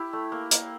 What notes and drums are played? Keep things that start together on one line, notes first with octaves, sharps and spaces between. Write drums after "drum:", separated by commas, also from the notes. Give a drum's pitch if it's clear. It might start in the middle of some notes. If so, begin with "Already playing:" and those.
Already playing: E4 G4
A3
A#3
A#3, drum: hi-hat